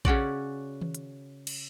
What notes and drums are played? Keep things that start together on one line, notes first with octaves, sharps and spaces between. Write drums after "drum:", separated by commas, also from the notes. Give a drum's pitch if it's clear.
C#3 C#4 F#4 D5, drum: kick A#1
drum: tom D#3
drum: hi-hat
drum: cymbal